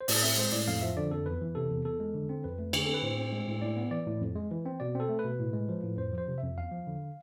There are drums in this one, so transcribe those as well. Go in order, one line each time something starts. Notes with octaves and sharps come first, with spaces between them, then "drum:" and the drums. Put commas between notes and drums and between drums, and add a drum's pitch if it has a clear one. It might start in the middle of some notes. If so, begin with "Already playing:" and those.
C5
A2 D5, drum: open hi-hat
C4 E5
G#3 C5
A2 D5
F2 F5
F3 E5
D3 D5
F2 A4
E2 B4
E3
C3 A4
E2
E2 A4
G#3
D3
C4
F2 B4
A3
D3 G#4, drum: cymbal
C4 A4
B4
A2 C5
C4
G#3
A2
A2 D5
B3
E3 D5
A2
F2
G#3
E3
C4
B2 D5
C4 A4
A3
B4
B2
A2
G#3
F3
A2
F2 C5
F3 C5
C3
F2 E5
E2 F5
F3
D3